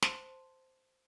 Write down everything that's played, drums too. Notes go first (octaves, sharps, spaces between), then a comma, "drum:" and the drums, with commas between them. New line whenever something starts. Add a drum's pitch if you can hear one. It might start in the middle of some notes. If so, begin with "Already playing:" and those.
C5 A5 C6, drum: snare